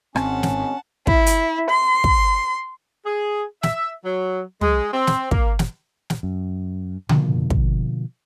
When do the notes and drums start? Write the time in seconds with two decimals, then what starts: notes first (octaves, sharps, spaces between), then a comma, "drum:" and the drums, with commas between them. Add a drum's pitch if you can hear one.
0.16 G#1 C4 C#4 F#5 A5, drum: rim click
0.43 drum: snare
1.07 E4, drum: kick
1.26 drum: hi-hat
1.69 C6
2.04 drum: kick
3.05 G#4
3.63 E5, drum: snare
4.04 F#3
4.61 G#3, drum: tom
4.93 C4
5.07 drum: snare
5.31 A#3, drum: kick
5.59 drum: snare
6.10 drum: snare
6.23 F#2
7.09 B2 D3 F3 A#3, drum: tom C#3
7.50 drum: kick